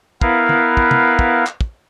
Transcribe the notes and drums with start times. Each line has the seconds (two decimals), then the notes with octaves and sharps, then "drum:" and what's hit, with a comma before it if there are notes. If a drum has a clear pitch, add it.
0.21 B3 E4 A#4 B4 F5, drum: kick
0.49 drum: tom
0.77 drum: kick
0.91 drum: tom
1.19 drum: kick
1.47 drum: clap
1.61 drum: kick